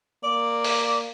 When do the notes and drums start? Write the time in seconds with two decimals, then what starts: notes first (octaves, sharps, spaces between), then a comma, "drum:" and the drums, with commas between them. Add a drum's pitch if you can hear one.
0.24 A#3 D5
0.64 drum: open hi-hat